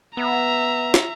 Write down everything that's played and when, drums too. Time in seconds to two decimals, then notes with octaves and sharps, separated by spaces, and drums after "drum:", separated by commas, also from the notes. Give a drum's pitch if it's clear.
0.17 B3 E5 A#5
0.94 drum: snare